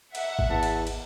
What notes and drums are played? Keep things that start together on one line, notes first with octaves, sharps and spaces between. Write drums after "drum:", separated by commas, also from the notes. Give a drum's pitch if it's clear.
E5 F#5, drum: cymbal
drum: kick A1
G#1 E2 A5
drum: cymbal
drum: cymbal